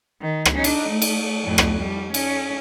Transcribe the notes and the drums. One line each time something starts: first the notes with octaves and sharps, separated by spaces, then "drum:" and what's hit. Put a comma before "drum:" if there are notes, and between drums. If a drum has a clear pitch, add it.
D#3
drum: rim click
D4 D#4
drum: cymbal
A3
drum: cymbal
F2 A2
drum: rim click
G3
C#4, drum: cymbal